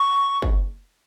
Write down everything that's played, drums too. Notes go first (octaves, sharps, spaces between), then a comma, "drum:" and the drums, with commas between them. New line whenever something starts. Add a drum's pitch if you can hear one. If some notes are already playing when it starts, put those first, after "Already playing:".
Already playing: C#6
drum: kick